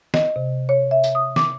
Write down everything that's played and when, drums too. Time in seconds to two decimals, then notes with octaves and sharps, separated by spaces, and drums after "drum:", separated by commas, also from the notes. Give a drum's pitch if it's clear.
0.14 D#5, drum: snare
0.36 C3
0.69 C#5
0.91 E5
1.03 drum: tambourine
1.15 D#6
1.36 D6, drum: snare